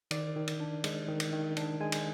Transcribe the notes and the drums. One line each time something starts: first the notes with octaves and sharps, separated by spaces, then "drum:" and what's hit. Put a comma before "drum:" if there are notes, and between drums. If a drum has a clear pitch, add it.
D#3 D5, drum: cymbal
D#3
drum: cymbal
D4
G#3, drum: cymbal
D#3
drum: cymbal
D#3
D4, drum: cymbal
G#3 G#5
drum: cymbal